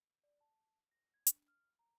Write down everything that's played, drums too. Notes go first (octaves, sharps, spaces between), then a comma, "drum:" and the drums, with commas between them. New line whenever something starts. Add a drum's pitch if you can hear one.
D5
A5
A#6
G#6
D4, drum: hi-hat
F6
A#5